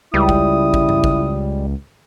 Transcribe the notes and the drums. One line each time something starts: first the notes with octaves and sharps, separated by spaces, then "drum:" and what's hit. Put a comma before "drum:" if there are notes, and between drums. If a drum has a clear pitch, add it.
C#2 G3 E4 D#6
drum: kick G#1
drum: kick G#1
drum: tom G2
drum: kick G#1